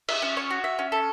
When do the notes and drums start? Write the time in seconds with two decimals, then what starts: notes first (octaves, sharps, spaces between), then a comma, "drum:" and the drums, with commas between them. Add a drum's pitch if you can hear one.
0.09 E5, drum: cymbal
0.22 C#4
0.37 C#5
0.51 F#4
0.64 E5
0.79 C#4
0.92 A4